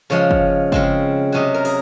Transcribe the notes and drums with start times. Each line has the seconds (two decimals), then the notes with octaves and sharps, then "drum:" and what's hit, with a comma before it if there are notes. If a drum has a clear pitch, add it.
0.10 C#3 F3 G#3 C#5
0.31 drum: kick
0.72 C#3 G#3 C4, drum: kick
1.32 C3 F#3 C#4 D#5
1.54 A#4
1.65 G#4, drum: open hi-hat